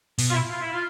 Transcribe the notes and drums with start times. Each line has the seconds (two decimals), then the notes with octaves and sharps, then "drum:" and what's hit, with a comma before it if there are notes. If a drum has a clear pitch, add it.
0.19 B2, drum: open hi-hat
0.30 F4
0.34 E4
0.49 F4
0.61 E4
0.73 F4